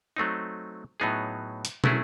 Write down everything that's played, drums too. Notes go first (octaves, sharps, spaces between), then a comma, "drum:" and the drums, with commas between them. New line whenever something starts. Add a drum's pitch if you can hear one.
F#3 A3 C4 D#4
A2 F#3 B3 D#4 G#4
drum: hi-hat
F#3 A3 C#4 E4 G#4, drum: tom